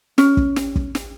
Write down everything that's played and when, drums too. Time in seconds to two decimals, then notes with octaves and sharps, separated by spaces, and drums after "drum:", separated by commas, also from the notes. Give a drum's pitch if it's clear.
0.18 C#4, drum: snare
0.37 drum: kick
0.56 drum: snare
0.76 drum: kick
0.95 drum: snare